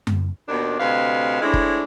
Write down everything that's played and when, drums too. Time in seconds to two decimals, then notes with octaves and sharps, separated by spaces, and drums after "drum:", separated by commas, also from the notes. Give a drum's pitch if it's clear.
0.07 drum: tom F#2
0.48 D#2 B2 D#3 B3 D4
0.79 D2 C3 B4 D#5 F5
1.41 A2 G#3 C4 D4 E4
1.54 drum: kick